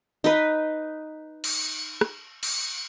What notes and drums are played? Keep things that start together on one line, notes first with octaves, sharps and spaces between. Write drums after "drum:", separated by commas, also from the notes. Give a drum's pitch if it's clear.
D#4 B4
drum: cymbal
drum: rim click
drum: cymbal